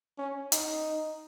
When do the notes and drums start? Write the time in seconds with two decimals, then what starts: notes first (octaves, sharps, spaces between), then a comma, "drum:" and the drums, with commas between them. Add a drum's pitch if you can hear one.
0.18 C#4
0.52 D#4, drum: hi-hat